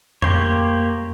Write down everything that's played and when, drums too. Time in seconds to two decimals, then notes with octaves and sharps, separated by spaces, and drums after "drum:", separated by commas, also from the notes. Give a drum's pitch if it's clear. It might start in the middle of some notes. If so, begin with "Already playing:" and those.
0.22 A#3 G4 C5 C#5, drum: tom F2